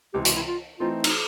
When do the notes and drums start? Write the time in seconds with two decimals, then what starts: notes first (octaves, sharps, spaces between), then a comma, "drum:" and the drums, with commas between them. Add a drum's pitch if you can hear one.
0.14 C#2 C3 E3 G4
0.25 F#4, drum: hi-hat
0.36 E4
0.47 F4
0.80 E3 A3 C4 D#4 F4
1.04 D#4, drum: cymbal